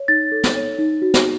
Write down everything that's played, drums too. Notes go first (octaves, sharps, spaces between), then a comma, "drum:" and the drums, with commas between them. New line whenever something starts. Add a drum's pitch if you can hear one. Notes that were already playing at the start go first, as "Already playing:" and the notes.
Already playing: C#5
D#4 A6
A4
drum: snare
C#5
D#4
F#4
drum: snare